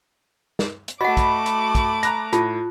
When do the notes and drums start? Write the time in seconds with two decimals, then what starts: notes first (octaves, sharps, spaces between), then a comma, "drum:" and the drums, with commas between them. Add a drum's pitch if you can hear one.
0.59 drum: snare
0.88 drum: hi-hat
1.01 A3 F#4 D#5 F#5 B5 D6
1.17 drum: kick, hi-hat
1.46 drum: hi-hat
1.75 drum: kick, hi-hat
2.03 A#5 F#6 A#6, drum: hi-hat
2.33 A2 F4 A5, drum: hi-hat